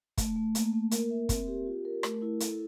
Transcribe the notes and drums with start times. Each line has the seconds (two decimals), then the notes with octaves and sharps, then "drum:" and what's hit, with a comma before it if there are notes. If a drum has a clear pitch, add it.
0.18 A3, drum: kick, hi-hat
0.36 A3
0.55 A#3, drum: hi-hat
0.73 A#3
0.91 A#4, drum: hi-hat
1.10 E5
1.29 C4, drum: kick, hi-hat
1.48 G4
1.66 F4
1.85 A#4
2.03 A3, drum: rim click
2.22 E4
2.40 A4, drum: hi-hat